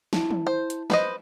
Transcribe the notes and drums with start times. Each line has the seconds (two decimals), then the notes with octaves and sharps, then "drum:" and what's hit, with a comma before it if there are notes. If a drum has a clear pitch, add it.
0.13 E4 A5, drum: snare
0.31 drum: tom
0.47 C5
0.70 drum: hi-hat
0.90 B4 C5 D#5, drum: snare